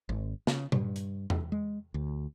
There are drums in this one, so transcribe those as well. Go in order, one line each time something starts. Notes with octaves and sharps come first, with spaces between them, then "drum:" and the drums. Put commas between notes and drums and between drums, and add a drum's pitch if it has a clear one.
G#1
C#3, drum: snare
G2, drum: tom A#2
drum: hi-hat
drum: tom E2
G#3
D2